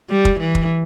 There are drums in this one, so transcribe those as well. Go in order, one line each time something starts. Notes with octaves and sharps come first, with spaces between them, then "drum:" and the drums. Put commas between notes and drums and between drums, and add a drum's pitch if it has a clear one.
G3
drum: kick
E3
drum: kick